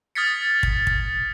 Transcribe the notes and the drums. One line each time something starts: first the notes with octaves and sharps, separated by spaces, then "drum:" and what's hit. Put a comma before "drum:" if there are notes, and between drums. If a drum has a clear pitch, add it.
D#6 F6 G#6 A6 B6 C#7
drum: kick
drum: kick